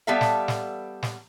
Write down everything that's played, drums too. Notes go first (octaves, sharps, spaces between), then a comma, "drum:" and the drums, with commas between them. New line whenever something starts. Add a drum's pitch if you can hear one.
G3 B3 A4 E5 F5
drum: snare
drum: snare
drum: snare